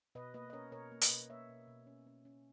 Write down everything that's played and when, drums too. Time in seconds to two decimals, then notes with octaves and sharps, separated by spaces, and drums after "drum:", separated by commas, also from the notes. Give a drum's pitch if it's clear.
0.15 B2 B4 D#5
0.34 A#3 B4 D#5
0.50 D#5
0.53 C#4 A#4 C#5
0.72 B2 A#4 C#5
0.92 A#3
1.01 B4 D#5, drum: hi-hat
1.10 B2
1.30 A#3 C#5 E5
1.49 B2
1.68 B2
1.87 C#4
2.06 C#4
2.25 C#4